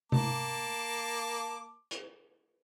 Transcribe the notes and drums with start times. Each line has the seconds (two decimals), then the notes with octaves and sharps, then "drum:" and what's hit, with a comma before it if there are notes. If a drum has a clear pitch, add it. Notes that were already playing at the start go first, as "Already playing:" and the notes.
0.12 A#3 A5 D6, drum: tom C3
1.91 drum: hi-hat